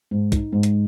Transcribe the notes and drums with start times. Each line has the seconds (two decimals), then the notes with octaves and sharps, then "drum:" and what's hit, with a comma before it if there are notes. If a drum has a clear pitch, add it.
0.11 G#2
0.32 D#4, drum: kick, hi-hat
0.52 G#2
0.63 drum: hi-hat